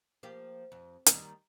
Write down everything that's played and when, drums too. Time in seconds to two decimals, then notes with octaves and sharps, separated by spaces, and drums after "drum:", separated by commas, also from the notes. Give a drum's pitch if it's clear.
0.23 F3 A#3 G4
0.72 F2
1.06 D#2 D#3 G3, drum: hi-hat